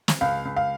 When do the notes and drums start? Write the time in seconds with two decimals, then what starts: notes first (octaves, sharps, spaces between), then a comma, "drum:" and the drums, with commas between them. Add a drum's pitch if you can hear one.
0.08 drum: snare
0.21 C#2 F5
0.45 C#2
0.57 F5